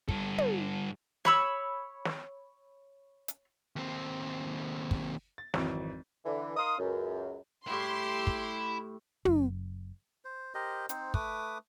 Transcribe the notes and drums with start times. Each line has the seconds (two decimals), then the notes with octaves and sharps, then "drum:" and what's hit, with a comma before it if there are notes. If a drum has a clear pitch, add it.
0.09 G2 A4, drum: kick
0.38 drum: tom
1.25 C#5 B5 E6, drum: snare
2.05 drum: snare
3.28 drum: hi-hat
3.76 D#2 C4
4.91 drum: kick
5.38 A6
5.54 G#1 F2 E3 F#3 C4, drum: snare
6.26 D3 E3
6.57 D#4 A#4 F5 C6 D#6
6.78 C#2 F#2
7.67 A2 G3 E4 G4 B5 C6
8.27 drum: kick
9.25 F#1 F#2, drum: tom
10.25 C5
10.55 G4 A#4 C5 D#5
10.89 C4 D#4 C5, drum: hi-hat
11.14 A3 B4 D6 D#6, drum: kick